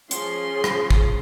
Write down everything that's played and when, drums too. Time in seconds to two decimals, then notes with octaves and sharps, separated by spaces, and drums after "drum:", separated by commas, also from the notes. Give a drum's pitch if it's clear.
0.11 F3 C#4 G#4 C6, drum: hi-hat
0.64 drum: rim click
0.91 drum: kick